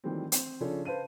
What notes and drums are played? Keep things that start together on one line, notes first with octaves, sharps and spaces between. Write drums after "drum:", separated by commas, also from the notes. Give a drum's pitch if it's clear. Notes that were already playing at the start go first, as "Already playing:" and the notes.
D#3 E3 F#3 G3 A3 C4
C4, drum: hi-hat
C#3 F3 C#4 D4 F4 A4
B4 C5 F5 A5 D#7